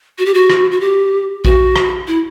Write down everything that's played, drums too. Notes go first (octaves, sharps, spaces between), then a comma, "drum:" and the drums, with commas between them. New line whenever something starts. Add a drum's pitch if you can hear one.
F#4
G4
F#4
drum: rim click
F#4
G4
F#4, drum: kick A#1
drum: rim click
E4